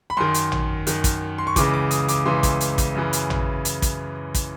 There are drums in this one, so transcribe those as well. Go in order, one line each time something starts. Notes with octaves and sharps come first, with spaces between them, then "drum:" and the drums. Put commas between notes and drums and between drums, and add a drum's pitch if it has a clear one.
B5
F#2 D#3 C6
drum: hi-hat
drum: tom A1
F#2 D#3, drum: hi-hat
drum: kick, hi-hat
C6
C#6
C#2 C#3 E3 D6, drum: kick, hi-hat
D6
D#6, drum: hi-hat
D6, drum: hi-hat
C#2 C#3 E3 C6
drum: kick, hi-hat
drum: hi-hat
drum: kick, hi-hat
F#2 C#3 E3
drum: hi-hat
drum: tom A1
drum: hi-hat
drum: kick, hi-hat
drum: kick, hi-hat